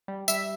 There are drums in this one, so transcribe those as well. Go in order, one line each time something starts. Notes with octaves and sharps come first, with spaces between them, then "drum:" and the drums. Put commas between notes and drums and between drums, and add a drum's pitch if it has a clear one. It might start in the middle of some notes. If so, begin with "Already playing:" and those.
G3
G3 E5, drum: tambourine